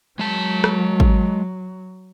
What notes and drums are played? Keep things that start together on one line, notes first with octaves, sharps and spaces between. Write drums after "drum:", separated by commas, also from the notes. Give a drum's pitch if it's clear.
F#3 G#3 A5
drum: rim click
drum: kick G#1